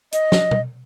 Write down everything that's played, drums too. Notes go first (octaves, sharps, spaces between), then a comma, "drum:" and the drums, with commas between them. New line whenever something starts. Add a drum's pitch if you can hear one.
D#5, drum: hi-hat
drum: snare
drum: tom